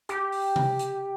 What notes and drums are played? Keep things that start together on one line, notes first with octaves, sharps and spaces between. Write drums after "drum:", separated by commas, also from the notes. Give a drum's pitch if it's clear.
G4, drum: hi-hat
drum: open hi-hat
drum: tom C3
drum: hi-hat